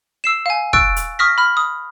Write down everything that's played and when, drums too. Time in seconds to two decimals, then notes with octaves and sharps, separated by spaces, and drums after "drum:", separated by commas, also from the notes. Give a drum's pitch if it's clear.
0.24 E6 C7 E7
0.46 F5 G#5
0.73 C#6 E6 F#6 A6 D7, drum: kick
0.96 drum: hi-hat
1.19 C#6 D#6 F6 A#6 B6
1.38 B5 F6
1.57 D#6